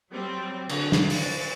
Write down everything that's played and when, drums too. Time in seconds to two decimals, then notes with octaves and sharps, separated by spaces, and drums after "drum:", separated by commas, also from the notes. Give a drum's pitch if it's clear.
0.13 F#3 G3 C4
0.69 D3, drum: cymbal
0.92 drum: snare
1.10 A6, drum: open hi-hat